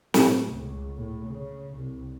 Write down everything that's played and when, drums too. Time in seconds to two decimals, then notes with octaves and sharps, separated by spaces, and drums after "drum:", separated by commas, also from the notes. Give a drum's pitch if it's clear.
0.14 A2, drum: snare
0.53 C#2
0.97 A2
1.26 C#3
1.76 C2